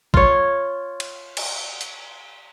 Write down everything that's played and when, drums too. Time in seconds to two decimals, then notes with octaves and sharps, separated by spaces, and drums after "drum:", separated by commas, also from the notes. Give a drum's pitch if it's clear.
0.14 F4 C#5, drum: kick
1.00 drum: cymbal
1.37 drum: cymbal
1.81 drum: hi-hat